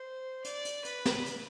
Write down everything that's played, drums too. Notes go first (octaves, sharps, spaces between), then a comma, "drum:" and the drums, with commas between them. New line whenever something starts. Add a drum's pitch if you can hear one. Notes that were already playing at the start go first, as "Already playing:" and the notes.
Already playing: C5
D5, drum: hi-hat
drum: hi-hat
B4, drum: hi-hat
drum: snare
drum: hi-hat